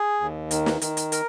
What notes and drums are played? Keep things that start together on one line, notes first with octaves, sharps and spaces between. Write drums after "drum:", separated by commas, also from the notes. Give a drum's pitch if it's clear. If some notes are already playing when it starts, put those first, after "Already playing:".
Already playing: G#4
D#2
D#3, drum: hi-hat
drum: snare
D#3, drum: hi-hat
drum: hi-hat
A#4, drum: hi-hat